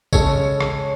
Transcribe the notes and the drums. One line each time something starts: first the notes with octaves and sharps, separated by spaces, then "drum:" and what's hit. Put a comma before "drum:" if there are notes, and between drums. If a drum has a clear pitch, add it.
C#3 G#3 C#4 A4 C#5, drum: kick A#1, tambourine
drum: rim click